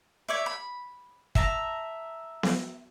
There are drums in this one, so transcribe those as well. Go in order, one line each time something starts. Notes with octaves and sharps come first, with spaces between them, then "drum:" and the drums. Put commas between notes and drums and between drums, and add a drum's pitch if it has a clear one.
C#5 D5 E5
B5
E5 A5 A#5, drum: kick
drum: snare B3